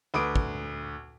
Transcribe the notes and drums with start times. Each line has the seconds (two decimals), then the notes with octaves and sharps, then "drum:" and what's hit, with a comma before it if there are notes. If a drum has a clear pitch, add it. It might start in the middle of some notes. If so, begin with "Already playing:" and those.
0.14 D2 B4 D6 D#6 D7
0.36 drum: kick